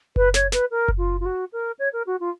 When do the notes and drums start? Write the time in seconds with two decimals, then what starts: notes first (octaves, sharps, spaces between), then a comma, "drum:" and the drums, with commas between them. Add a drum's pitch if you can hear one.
0.16 B4, drum: kick F#1
0.34 C#5, drum: snare
0.52 B4, drum: snare
0.71 A#4
0.88 drum: kick F#1
0.98 F4
1.20 F4
1.25 F#4
1.52 A#4
1.79 C#5
1.93 A#4
2.06 F#4
2.20 F4